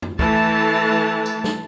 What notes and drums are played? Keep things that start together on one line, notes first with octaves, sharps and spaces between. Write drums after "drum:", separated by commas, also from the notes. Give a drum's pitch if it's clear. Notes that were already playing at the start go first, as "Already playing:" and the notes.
drum: tom
E3 A3 A5, drum: kick
drum: tambourine
drum: snare